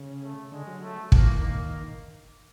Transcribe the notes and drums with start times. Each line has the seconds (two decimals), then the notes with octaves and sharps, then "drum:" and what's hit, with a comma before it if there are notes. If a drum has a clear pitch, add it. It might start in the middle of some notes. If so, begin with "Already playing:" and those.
Already playing: C#3
0.23 A3
0.52 D3 G#3
0.67 F#3
0.82 A3
1.12 F3 A#3, drum: kick
1.27 E3
1.41 D#3 A#3